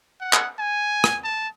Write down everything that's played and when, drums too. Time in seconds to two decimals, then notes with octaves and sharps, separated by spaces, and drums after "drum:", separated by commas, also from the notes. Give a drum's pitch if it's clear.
0.21 F#5
0.33 drum: clap
0.59 G#5
1.04 drum: rim click
1.24 A5